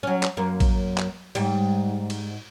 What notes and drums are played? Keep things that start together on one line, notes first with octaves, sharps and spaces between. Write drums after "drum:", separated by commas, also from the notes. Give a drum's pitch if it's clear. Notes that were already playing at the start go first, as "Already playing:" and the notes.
F#3 C#4
drum: clap
F#2 A#3
drum: kick A1, cymbal
drum: clap
G#2 G3, drum: cymbal
drum: cymbal